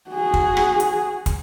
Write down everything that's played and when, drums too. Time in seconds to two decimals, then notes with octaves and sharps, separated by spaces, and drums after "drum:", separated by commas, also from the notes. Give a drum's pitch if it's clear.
0.11 F#4 G#4
0.34 drum: kick
0.57 drum: rim click
0.80 drum: hi-hat
1.26 drum: kick, hi-hat